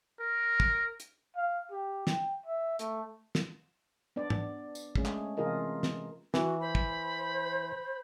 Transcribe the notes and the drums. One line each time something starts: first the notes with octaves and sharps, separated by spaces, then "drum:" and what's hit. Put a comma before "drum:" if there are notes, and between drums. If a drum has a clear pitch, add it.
A#4
drum: kick
drum: hi-hat
F5
G4
G5, drum: snare
E5
A3, drum: hi-hat
drum: snare
B3 D4 D5
drum: tom
drum: tambourine
G#3 A3 C#4 G#4, drum: kick
drum: clap
C3 E3 F4 G#4 A#4 D#5
drum: snare
E3 F#4, drum: snare
C5 B5
drum: kick